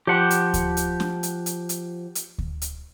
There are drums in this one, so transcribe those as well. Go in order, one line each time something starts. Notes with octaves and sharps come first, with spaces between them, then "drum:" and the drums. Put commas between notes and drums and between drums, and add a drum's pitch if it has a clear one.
F3 G4 F#5
drum: hi-hat
drum: kick D2, hi-hat
drum: hi-hat
drum: snare
drum: hi-hat
drum: hi-hat
drum: hi-hat
drum: hi-hat
drum: kick D2
drum: hi-hat